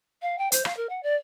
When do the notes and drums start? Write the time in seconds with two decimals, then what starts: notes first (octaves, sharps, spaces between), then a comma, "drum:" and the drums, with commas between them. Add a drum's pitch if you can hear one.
0.22 F5
0.38 G5
0.52 C5, drum: hi-hat
0.65 F5, drum: rim click
0.77 A#4
0.89 F#5
1.03 D5